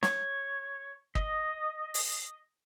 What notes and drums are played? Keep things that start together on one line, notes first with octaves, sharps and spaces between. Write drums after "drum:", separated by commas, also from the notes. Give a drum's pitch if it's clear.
C#5, drum: snare
D#5, drum: kick
drum: open hi-hat